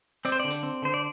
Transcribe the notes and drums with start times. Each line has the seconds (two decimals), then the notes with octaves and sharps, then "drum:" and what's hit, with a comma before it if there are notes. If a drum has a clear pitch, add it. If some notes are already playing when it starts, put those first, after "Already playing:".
0.25 C4 D5, drum: hi-hat
0.32 C5
0.40 D3 D5
0.50 drum: hi-hat
0.63 C4
0.82 D3 C5
0.94 D5